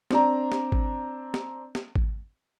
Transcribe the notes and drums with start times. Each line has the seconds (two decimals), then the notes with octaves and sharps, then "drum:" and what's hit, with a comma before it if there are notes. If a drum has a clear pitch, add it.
0.11 C4 D4 A#5, drum: snare
0.52 drum: snare
0.72 drum: kick G#1
1.34 drum: snare
1.75 drum: snare
1.96 drum: kick G#1